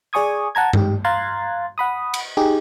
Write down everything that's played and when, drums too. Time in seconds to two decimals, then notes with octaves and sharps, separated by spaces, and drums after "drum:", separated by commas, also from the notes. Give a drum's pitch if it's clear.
0.13 G#4 D5 G#5 C#6 D#6 G#6
0.55 F#5 A5 A#5 G#6
0.73 G#2 G4, drum: tom G2
1.04 F5 A#5 C6 F#6 G#6 A6
1.78 F#5 B5 D#6
2.14 drum: cymbal
2.37 D#4 G4 G#4